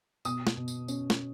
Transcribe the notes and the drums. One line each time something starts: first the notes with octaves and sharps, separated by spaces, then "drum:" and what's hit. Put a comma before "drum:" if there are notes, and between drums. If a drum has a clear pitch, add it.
B2 D#6, drum: tambourine
drum: snare
B2
drum: tambourine
C#4, drum: tambourine
drum: snare